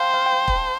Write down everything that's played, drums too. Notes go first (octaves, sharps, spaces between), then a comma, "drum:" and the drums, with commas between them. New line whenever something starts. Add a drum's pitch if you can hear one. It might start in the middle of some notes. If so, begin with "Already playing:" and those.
Already playing: C5 F5 G5 A5
F5
G5
drum: kick